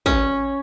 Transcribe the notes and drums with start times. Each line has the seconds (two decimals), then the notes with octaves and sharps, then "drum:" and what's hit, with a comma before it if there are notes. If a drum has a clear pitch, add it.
0.06 C#4, drum: kick